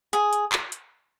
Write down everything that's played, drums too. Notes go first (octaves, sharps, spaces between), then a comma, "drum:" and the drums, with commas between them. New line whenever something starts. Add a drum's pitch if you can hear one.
G#4, drum: hi-hat
drum: hi-hat
drum: clap
drum: hi-hat